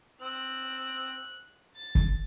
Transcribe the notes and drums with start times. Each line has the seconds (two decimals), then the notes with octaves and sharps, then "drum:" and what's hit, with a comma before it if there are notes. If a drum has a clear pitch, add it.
0.21 C4 F#6
1.76 A6
1.95 drum: kick